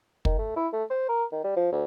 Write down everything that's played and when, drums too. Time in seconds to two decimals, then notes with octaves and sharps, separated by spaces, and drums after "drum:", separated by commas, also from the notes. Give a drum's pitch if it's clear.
0.25 D#3, drum: kick
0.38 A3
0.56 E4
0.73 A3
0.90 C5
1.09 A#4
1.32 D#3
1.44 G3
1.56 F3
1.72 D2